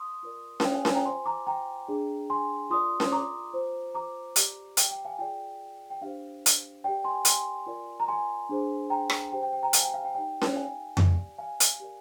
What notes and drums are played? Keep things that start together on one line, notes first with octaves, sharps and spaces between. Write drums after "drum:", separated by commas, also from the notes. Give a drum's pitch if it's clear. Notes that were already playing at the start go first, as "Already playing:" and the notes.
Already playing: C6 D#6
F4 A#4 D5
F5, drum: snare C#4
G5
F5 G#5
F5 G#5, drum: snare C#4
G5 A#5
F4 C5 G#5 C6
A#5 D6
G5 A#5
D4 G#4 D5
G#5 C6
F4 A#4 D5 C6 D#6
drum: snare C#4
A#5 D6
F4 C5
A#5 D6
G4 D5, drum: hi-hat
G5, drum: hi-hat
G5
F5 G#5
F4 G#4 D5 G5
G5
D4 G4 C5 F5
drum: hi-hat
G4 A#4 D5 G5
G#5 C6
G#5 C6, drum: hi-hat
F4 A#4 D5
A#5
G#5 C6
D4 G#4 C5
G5 A#5
drum: rim click
G4 C5 G5
G5
G5
G5 A#5
F5 G#5, drum: hi-hat
G5
F5
G5
D#4 G4 D5 G5
drum: snare C#4
F5 G#5
G4 D5, drum: tom F2
F5 G#5
drum: hi-hat
G4 A#4 D5